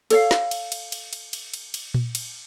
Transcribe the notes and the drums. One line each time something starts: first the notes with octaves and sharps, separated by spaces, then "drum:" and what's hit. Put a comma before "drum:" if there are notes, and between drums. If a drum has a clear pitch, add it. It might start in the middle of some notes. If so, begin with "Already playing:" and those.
A4 C#5 F5, drum: cymbal
drum: snare
drum: cymbal
drum: cymbal
drum: cymbal
drum: cymbal
drum: cymbal
drum: cymbal
drum: cymbal
drum: tom A#2
drum: cymbal